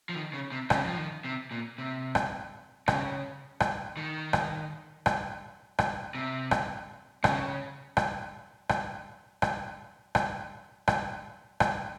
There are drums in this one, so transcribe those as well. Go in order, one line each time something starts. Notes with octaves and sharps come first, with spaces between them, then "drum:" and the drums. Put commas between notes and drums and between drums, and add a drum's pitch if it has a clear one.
F3
D#3
C#3
C3
C#3, drum: rim click
F3
D#3
C3
A#2
C3
drum: rim click
C#3, drum: rim click
drum: rim click
D#3
drum: rim click
drum: rim click
drum: rim click
C3
drum: rim click
C#3, drum: rim click
drum: rim click
drum: rim click
drum: rim click
drum: rim click
drum: rim click
drum: rim click